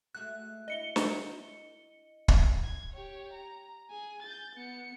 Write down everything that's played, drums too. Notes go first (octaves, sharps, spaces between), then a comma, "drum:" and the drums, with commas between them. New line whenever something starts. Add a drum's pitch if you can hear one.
G#3 A3 F#4 F#6
D4 E4 D#5 C#7 G7
drum: snare
drum: kick
G#6
G4 C#5
A#5
G#4 G#5
G6 A6
B3 C#7